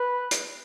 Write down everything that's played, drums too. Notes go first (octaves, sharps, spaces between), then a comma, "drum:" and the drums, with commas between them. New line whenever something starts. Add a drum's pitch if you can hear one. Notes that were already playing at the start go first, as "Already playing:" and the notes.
Already playing: B4
drum: hi-hat